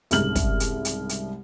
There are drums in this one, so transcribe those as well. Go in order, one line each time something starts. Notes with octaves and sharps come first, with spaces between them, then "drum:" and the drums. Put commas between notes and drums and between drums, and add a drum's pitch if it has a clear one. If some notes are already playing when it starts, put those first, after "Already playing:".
C2 G#2 C#3 F6 F#7, drum: hi-hat
drum: kick, hi-hat
drum: hi-hat
drum: hi-hat
drum: hi-hat